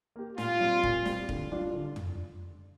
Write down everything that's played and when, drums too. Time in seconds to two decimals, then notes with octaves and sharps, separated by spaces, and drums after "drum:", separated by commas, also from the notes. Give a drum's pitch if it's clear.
0.16 A#3 G4
0.38 A#2 F4, drum: snare
0.60 G3 C4
0.83 A#2, drum: kick
1.05 G3 C4, drum: snare
1.29 D3, drum: kick
1.51 G3 D4 F4
1.73 D3
1.96 drum: tom